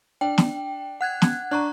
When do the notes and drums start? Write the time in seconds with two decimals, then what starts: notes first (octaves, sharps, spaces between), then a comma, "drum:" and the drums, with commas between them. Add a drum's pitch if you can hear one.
0.21 D4 G5
0.38 drum: snare
1.01 F#5 F#6 G#6
1.22 drum: snare
1.51 D4 A#5 C#6 F#6